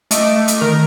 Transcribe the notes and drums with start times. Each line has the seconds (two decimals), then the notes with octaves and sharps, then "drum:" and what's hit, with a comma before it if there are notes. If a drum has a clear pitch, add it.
0.11 A3 D#5 D6, drum: hi-hat
0.36 A3
0.48 drum: hi-hat
0.61 D#3 A#4